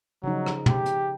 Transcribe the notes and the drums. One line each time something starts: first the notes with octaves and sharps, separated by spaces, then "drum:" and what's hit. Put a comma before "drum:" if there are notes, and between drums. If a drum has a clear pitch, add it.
C#3 F3 F#3 D#4
drum: rim click
G4, drum: tom
drum: hi-hat